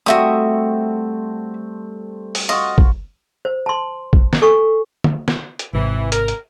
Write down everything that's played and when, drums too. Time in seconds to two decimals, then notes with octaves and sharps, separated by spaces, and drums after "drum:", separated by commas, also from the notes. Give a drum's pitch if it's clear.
0.06 G3 A3 C4 F#4 E5 D#6
2.35 drum: open hi-hat
2.49 F4 F#4 D#5
2.78 drum: kick A#1
3.45 C5
3.66 A5 C6
4.13 drum: kick A#1
4.33 drum: snare
4.42 A4 G#5 C#6
5.04 drum: tom
5.28 drum: snare
5.59 drum: hi-hat
5.73 G#1 G#2 C3 E3
6.12 A#4, drum: hi-hat
6.28 drum: hi-hat